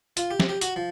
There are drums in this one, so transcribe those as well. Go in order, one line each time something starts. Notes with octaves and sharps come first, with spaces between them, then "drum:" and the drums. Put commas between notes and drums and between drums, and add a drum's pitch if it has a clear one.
F4, drum: hi-hat
G4
drum: snare
G4
F#4, drum: hi-hat
F3